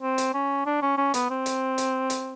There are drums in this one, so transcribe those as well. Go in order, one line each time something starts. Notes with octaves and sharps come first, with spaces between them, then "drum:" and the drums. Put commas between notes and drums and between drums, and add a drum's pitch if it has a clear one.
C4
drum: hi-hat
C#4
D4
C#4
C#4
B3, drum: hi-hat
C4
drum: hi-hat
drum: hi-hat
drum: hi-hat